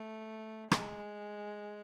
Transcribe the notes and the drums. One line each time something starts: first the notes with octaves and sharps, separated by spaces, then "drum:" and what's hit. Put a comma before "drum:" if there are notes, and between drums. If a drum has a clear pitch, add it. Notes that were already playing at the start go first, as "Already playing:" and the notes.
Already playing: A3
G#3, drum: rim click